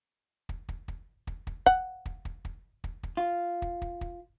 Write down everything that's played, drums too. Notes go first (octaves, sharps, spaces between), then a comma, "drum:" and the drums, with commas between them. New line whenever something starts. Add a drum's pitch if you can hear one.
drum: kick
drum: kick
drum: kick
drum: kick
drum: kick
F#5, drum: kick
drum: kick
drum: kick
drum: kick
drum: kick
drum: kick
F4
drum: kick
drum: kick
drum: kick